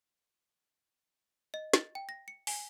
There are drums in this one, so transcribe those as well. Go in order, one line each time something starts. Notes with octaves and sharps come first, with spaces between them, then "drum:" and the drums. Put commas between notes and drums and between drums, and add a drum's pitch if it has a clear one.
D#5
A6, drum: snare
G5
A#6
C#7
G#5, drum: open hi-hat